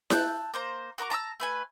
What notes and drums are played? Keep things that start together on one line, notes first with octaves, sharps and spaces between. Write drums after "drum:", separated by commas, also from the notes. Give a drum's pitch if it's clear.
A5 E6 F#6 G6, drum: snare E4
A#3 C5 A#5
F#4 A#4 A#5 D6
A5 A#5 D6 E6
A3 B4 G#5